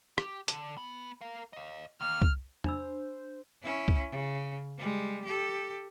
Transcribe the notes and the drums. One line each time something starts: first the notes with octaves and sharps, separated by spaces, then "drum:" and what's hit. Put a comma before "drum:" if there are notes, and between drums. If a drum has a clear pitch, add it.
G4, drum: rim click
D3, drum: hi-hat
B3
A#4 F5
D#5 F5
D#3 A#3 F6
drum: kick
D4 C5 B5 E6, drum: tom
C#4 E4
drum: kick
C#3
G3 G#3
G4 A4